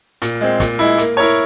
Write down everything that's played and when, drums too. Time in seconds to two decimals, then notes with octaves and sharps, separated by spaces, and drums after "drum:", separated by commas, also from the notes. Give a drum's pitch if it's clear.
0.22 A#2, drum: hi-hat
0.41 G#3 C4
0.60 A#2, drum: kick, hi-hat
0.79 G#3 E4
0.98 A#3, drum: hi-hat
1.17 E4 A#4 C#5